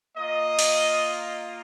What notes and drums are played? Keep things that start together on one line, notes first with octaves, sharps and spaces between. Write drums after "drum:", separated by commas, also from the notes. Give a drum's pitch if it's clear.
A#3 F4 D#5
drum: open hi-hat